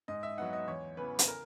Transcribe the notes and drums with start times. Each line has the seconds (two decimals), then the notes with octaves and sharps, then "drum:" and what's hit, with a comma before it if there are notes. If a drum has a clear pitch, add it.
0.08 G#2 D#5
0.23 E5
0.37 F#3 B3 D#4 F#5
0.53 D#5
0.68 E2 C#5
0.97 C#3 E3 B3 B4
1.19 drum: hi-hat
1.28 A#4